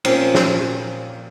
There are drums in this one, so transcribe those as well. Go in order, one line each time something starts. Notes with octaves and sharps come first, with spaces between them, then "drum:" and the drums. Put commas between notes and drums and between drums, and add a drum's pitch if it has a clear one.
A#2 F3 A#3 C4 C#4, drum: cymbal
drum: snare